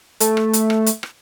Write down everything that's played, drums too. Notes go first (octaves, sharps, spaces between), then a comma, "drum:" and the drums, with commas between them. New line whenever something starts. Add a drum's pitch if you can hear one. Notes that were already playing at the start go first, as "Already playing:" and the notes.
A3, drum: hi-hat
drum: rim click
drum: hi-hat
drum: rim click
drum: hi-hat
drum: rim click